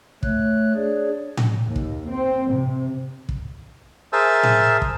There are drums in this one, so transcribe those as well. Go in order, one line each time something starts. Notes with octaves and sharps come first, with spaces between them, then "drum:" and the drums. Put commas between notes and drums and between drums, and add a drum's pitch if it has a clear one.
A3 C#5 F#6, drum: kick
D4 G#4 C#5 D5
drum: tom A2
D#2
drum: kick
C4
C3
drum: kick
G#4 A#4 C5 E5 A5 E6
drum: tom A2
drum: kick